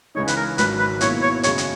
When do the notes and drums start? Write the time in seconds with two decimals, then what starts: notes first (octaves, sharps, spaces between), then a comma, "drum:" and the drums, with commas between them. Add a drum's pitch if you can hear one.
0.15 C#2 C#3 E3 G#3 D#4 C#5
0.28 B4, drum: hi-hat
0.36 A#4
0.58 G#1 G#2 F#3 B4, drum: hi-hat
0.79 B4
1.01 B2 F#3 A#3 E4 C#5, drum: hi-hat
1.22 C#5
1.43 F#2 C#3 G#3 C#5, drum: hi-hat
1.58 drum: hi-hat